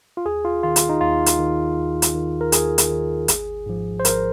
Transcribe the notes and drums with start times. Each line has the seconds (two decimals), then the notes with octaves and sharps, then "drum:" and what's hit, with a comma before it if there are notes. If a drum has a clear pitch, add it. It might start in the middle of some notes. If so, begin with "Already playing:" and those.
0.17 F4
0.26 D#2 G#4
0.45 F4
0.63 D#3 F4
0.76 drum: hi-hat
0.89 D#4
1.01 D#2 F4
1.26 drum: hi-hat
1.39 D#3
1.77 D#2
2.02 drum: hi-hat
2.15 D#3
2.41 A#4
2.52 D#2 G#4, drum: hi-hat
2.78 drum: hi-hat
2.90 D#3
3.28 G#1, drum: hi-hat
3.66 G#2 F3
4.00 C5
4.05 G#1 A#4, drum: hi-hat